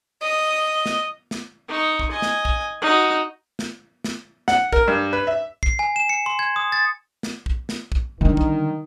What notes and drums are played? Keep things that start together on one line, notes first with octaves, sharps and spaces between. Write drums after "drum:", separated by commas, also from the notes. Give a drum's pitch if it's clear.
D#5
drum: snare
drum: snare
D#4 C#6
drum: kick
D#5 G#5
drum: snare
drum: kick
D#4 F#4
drum: snare
drum: snare
F#5, drum: snare
A#4, drum: kick
G2
B4
E5
C7, drum: kick
G#5
E7
C#7
C6
G#6
D#6
A6
drum: snare
drum: kick
drum: snare
drum: kick
D3 D#3 G3
drum: kick